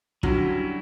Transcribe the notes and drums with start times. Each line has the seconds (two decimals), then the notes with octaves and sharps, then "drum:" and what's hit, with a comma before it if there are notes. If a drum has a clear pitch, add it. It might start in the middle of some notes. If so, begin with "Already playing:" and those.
0.23 D3 F#3 G3 C#4 E4, drum: kick